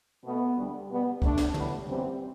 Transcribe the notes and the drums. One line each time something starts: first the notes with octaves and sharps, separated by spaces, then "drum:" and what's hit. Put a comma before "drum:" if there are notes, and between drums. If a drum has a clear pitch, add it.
B2 A3 B3
D2 D3 G3
B2 G3 B3
D2 D3 A3 D4, drum: kick
drum: snare
A2 G3 B3, drum: tom
F#2 E3 G3 B3 C4